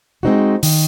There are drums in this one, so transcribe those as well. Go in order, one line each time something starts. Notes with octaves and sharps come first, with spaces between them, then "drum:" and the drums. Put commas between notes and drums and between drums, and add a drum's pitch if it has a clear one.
G#3 C4 D#4 F#4
D#3, drum: open hi-hat